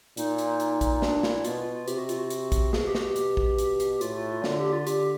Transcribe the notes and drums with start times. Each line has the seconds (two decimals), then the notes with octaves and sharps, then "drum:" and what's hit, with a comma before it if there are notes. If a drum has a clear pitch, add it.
0.17 A#2 D#4, drum: hi-hat
0.38 drum: hi-hat
0.60 drum: hi-hat
0.81 drum: kick A#1, hi-hat
1.02 D4, drum: snare
1.23 E4, drum: snare
1.45 B2 F4, drum: hi-hat
1.60 F4
1.73 F4
1.88 C3 G4, drum: hi-hat
1.98 F#4
2.09 F4, drum: hi-hat
2.18 F#4
2.30 drum: hi-hat
2.52 drum: kick A#1, hi-hat
2.73 B2 G#4, drum: snare
2.87 G4
2.95 F#4, drum: snare
3.01 G4
3.16 drum: hi-hat
3.37 drum: kick A#1
3.58 drum: hi-hat
3.80 drum: hi-hat
4.01 A2 F4, drum: hi-hat
4.15 F4
4.29 F4
4.44 D3, drum: snare
4.58 G4
4.73 F4
4.87 D3 G4, drum: hi-hat